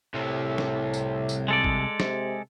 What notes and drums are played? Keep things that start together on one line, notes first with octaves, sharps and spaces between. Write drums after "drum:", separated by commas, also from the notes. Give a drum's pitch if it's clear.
C2 A2 C3
drum: snare
drum: tambourine
drum: tambourine
G#3 A4 D5
drum: kick G#1
C3, drum: snare